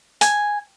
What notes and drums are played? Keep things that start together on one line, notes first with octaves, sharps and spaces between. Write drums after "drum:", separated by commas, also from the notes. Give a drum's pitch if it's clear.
G#5, drum: hi-hat